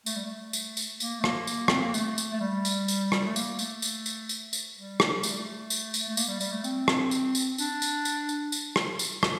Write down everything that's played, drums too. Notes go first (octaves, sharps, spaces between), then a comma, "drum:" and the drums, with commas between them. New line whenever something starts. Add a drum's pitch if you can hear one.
A3, drum: tambourine
G3
A3
drum: tambourine
drum: tambourine
A#3, drum: tambourine
A3
A#3, drum: rim click
drum: tambourine
C4, drum: rim click
A#3
A3, drum: tambourine
drum: tambourine
A3
G3
drum: tambourine
drum: tambourine
drum: rim click
A3
A#3, drum: tambourine
A3, drum: tambourine
drum: tambourine
drum: tambourine
drum: tambourine
drum: tambourine
G3
drum: rim click
A3, drum: tambourine
G3
A3
drum: tambourine
drum: tambourine
A3
A#3, drum: tambourine
G3
G3, drum: tambourine
A3
C4, drum: tambourine
drum: rim click
drum: tambourine
drum: tambourine
D4, drum: tambourine
drum: tambourine
drum: tambourine
drum: tambourine
drum: tambourine
drum: rim click
drum: tambourine
drum: rim click